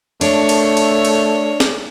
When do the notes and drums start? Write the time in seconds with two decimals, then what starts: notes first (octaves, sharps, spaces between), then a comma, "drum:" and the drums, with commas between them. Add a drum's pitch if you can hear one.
0.21 A3 D4 C#5, drum: cymbal
0.49 drum: cymbal
0.77 drum: cymbal
1.05 drum: cymbal
1.60 drum: snare